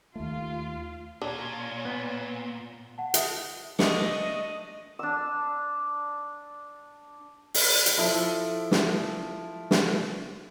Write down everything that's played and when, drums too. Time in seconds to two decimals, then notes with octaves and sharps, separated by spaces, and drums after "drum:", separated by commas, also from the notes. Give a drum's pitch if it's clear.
0.15 D#2 A3 F4
1.22 A#2 C#4 D4 C#5 D5
1.85 B3
2.98 F#5 A5
3.14 E5 D#6, drum: hi-hat
3.79 A3 D4 D#5 C#7, drum: snare
4.99 D4 E6
7.54 drum: open hi-hat
7.86 drum: hi-hat
7.98 F3 E4 A4
8.71 drum: snare
9.71 drum: snare